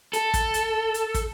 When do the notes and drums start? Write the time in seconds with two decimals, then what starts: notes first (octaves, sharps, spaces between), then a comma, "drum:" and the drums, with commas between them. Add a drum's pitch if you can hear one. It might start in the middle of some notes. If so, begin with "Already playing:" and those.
0.13 A4, drum: hi-hat
0.34 drum: kick, hi-hat
0.54 drum: hi-hat
0.94 drum: hi-hat
1.14 drum: kick, hi-hat